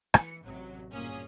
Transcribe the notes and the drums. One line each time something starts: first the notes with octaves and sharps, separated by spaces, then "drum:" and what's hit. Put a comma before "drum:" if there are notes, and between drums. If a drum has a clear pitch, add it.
E3 C#7, drum: rim click
A1 F#2 C3 F#3
G1 A#2 A#3 C#4 G#4 D#6